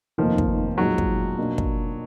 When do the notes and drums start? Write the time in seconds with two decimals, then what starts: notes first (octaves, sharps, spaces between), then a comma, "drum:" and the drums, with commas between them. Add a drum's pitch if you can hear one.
0.18 F1 D#2 D#3 F3 A#3
0.38 drum: kick
0.78 B1 A#2 F#3 G#3
0.98 drum: kick
1.38 B2 A#3 D4
1.58 drum: kick